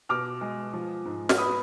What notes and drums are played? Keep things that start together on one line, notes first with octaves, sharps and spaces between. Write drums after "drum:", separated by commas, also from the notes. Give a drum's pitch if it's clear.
B2 D6 F6
G#3
F3
G#2
F6, drum: snare
B3 B5 D#6